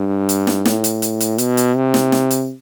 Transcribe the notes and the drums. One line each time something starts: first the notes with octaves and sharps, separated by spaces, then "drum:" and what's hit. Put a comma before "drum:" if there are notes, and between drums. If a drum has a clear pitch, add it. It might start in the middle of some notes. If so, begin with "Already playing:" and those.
Already playing: G2
drum: hi-hat
drum: snare
A2, drum: snare
drum: hi-hat
drum: hi-hat
drum: hi-hat
B2, drum: hi-hat
drum: hi-hat
C3
drum: snare
drum: snare
drum: hi-hat